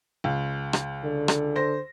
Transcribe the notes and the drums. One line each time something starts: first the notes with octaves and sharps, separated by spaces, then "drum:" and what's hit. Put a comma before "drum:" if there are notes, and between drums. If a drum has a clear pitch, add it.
C#2
drum: rim click
D3
drum: rim click
C5 A#6